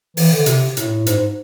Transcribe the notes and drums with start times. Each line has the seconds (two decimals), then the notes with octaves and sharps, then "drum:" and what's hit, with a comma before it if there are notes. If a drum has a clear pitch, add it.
0.17 E3, drum: open hi-hat
0.32 D3
0.46 C3, drum: hi-hat
0.77 A2, drum: hi-hat
1.06 G#2, drum: hi-hat